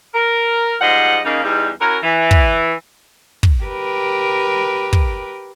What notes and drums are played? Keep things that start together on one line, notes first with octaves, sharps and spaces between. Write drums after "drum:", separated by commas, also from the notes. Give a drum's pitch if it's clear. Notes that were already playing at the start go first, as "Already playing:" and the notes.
A#4
G#2 F3 G3 C5 D#5 F#5
C#3 A#3 D#4
E2 G3 D#4
C#4 E4 F#4 A#4
E3
drum: kick
drum: kick
G4 A#4 B4
drum: kick